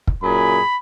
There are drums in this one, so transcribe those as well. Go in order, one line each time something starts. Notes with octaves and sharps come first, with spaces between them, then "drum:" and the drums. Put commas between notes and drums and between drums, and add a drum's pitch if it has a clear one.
drum: kick
F#2 A#2 G#4 B5